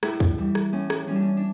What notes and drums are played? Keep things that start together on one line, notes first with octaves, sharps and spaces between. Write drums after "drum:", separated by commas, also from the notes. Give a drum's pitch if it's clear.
A2 E4, drum: rim click
drum: kick
E3 G3
drum: rim click
A2 C#4
drum: rim click
E3 G3 C#4
D4
C#4
D4